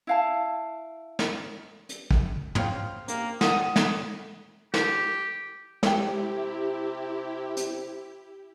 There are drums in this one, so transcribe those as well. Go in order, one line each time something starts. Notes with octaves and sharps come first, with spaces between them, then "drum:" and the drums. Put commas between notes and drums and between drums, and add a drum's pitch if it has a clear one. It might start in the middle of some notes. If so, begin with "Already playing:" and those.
E4 F5 A5
drum: snare
drum: hi-hat
drum: kick
C5 F5 G5, drum: tom
A#3, drum: hi-hat
F#5 G#5 D#6, drum: snare
drum: snare
G4, drum: snare
C3 G#3 E4 G4 G5, drum: snare
drum: hi-hat